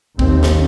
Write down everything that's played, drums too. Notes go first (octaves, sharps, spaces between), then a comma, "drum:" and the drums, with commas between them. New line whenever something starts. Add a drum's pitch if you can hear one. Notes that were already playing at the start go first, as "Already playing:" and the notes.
D#2 C4, drum: kick
drum: snare